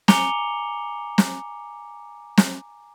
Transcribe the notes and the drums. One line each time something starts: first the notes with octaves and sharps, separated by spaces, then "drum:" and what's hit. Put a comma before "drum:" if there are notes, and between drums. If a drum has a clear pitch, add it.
G#5 A#5 D6 C#7 F7 G7, drum: snare
drum: snare
drum: snare